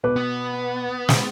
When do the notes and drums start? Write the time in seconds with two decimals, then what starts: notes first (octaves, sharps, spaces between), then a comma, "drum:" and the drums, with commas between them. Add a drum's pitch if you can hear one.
0.03 B2 B4 D6
0.16 B3
1.09 drum: snare